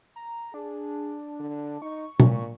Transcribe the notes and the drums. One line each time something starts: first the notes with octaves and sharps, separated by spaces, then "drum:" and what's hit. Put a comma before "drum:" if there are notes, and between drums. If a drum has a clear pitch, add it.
A#5
D4 G#4
D3
D#4 C#6
A#2, drum: tom